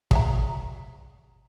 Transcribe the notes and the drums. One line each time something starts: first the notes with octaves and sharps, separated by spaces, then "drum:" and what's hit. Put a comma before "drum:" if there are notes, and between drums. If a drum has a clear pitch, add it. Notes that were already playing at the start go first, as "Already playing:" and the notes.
G#4 E5 A#5, drum: kick